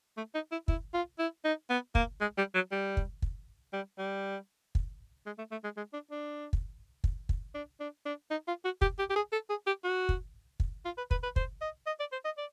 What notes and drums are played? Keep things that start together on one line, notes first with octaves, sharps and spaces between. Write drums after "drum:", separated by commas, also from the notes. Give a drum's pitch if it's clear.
A3
D#4
E4
E4, drum: kick
F4
E4
D#4
B3
A#3, drum: kick
G#3
G3
F#3
G3
drum: kick
drum: kick
G3
G3
drum: kick
G#3
A3
A3
G#3
G#3
D4
D4
drum: kick
drum: kick
drum: kick
D4
D4
D4
D#4
F4
F#4
G4, drum: kick
G4
G4
G#4
A4
G#4
G4
F#4
drum: kick
drum: kick
F4
B4
B4, drum: kick
B4
C5, drum: kick
D#5
D#5
D5
C5
D#5
D5